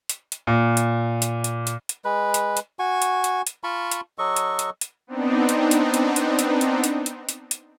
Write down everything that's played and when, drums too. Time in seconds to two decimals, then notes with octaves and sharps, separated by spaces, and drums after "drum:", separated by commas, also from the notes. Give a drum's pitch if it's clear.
0.09 drum: hi-hat
0.32 drum: hi-hat
0.47 A#2
0.77 drum: hi-hat
1.22 drum: hi-hat
1.44 drum: hi-hat
1.67 drum: hi-hat
1.89 drum: hi-hat
2.05 G#3 B4
2.34 drum: hi-hat
2.57 drum: hi-hat
2.79 F#4 G#5 C#6
3.02 drum: hi-hat
3.24 drum: hi-hat
3.47 drum: hi-hat
3.64 F4 A5 B5 C#6
3.91 drum: hi-hat
4.18 F#3 A4 D#5 C#6
4.36 drum: hi-hat
4.59 drum: hi-hat
4.81 drum: hi-hat
5.07 B3 C4 D4 D#4
5.49 drum: hi-hat
5.71 drum: hi-hat
5.94 drum: hi-hat
6.16 drum: hi-hat
6.39 drum: hi-hat
6.61 drum: hi-hat
6.84 drum: hi-hat
7.06 drum: hi-hat
7.29 drum: hi-hat
7.51 drum: hi-hat